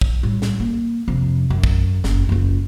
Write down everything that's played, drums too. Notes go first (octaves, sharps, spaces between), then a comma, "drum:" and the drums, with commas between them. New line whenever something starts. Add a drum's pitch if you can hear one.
drum: kick
A2 G3
drum: snare
A#3
F2 C3
F#2
drum: kick
F#1, drum: snare
F#1 F4